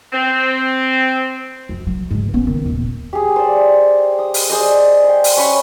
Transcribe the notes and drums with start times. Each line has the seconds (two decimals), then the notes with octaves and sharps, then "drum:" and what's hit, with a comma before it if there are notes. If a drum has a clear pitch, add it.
0.13 C4
1.69 F#2
1.87 F#3
2.11 D2 G#2
2.34 B3 C#4
2.47 D#3
2.66 D#1 D2
3.13 G4 G#4
3.36 C5 D5
4.19 D#6
4.34 drum: open hi-hat
4.49 G#4 C5 D5 D#5
5.04 G5 C6
5.24 drum: open hi-hat
5.37 C#4 B5 C#6